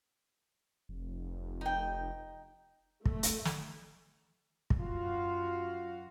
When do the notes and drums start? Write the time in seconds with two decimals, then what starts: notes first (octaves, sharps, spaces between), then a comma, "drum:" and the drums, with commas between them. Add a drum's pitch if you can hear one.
0.89 F1
1.61 D#4 G5
3.05 A3, drum: kick
3.23 drum: hi-hat
3.45 drum: snare
4.70 drum: kick
4.79 F#2 F4 F#4 F5